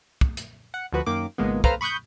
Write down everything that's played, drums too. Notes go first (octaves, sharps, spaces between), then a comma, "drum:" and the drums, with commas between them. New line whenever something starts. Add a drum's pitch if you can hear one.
drum: kick
drum: hi-hat
F#5
D2 F3 F#4 B4
F#2 D#3 A#3 D6
G#1 C#2 G#3 A#3 B3
A4 B4 C5 F5 A#5 F6, drum: kick
B5 C#6 D#6 F#6 G6